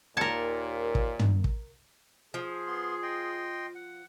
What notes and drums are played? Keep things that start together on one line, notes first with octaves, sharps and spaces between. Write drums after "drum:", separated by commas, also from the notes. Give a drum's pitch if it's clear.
D#2 A#2 A#4 A5 G#6 C#7
drum: kick
drum: tom
drum: kick
F3 G#4
B3 C6
D#5 G5 C6
F#5